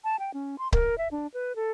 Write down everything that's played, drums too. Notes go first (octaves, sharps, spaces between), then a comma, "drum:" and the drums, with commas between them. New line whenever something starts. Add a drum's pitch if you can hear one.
A5
G5
C#4
C6
A#4, drum: kick C#1
E5
D4
B4
A4